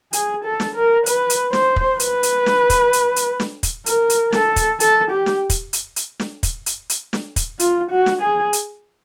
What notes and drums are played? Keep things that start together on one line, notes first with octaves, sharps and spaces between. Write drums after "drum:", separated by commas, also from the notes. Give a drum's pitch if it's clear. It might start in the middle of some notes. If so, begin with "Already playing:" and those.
G#4, drum: hi-hat
A4
drum: snare
A#4
B4, drum: hi-hat
drum: hi-hat
C5, drum: snare
drum: kick
B4, drum: hi-hat
drum: hi-hat
drum: snare
drum: kick, hi-hat
drum: hi-hat
drum: hi-hat
drum: snare
drum: kick, hi-hat
A#4, drum: hi-hat
drum: hi-hat
A4, drum: snare
drum: kick, hi-hat
A4, drum: hi-hat
G4
drum: snare
drum: kick, hi-hat
drum: hi-hat
drum: hi-hat
drum: snare
drum: kick, hi-hat
drum: hi-hat
drum: hi-hat
drum: snare
drum: kick, hi-hat
F4, drum: hi-hat
F#4
drum: snare
G#4
drum: hi-hat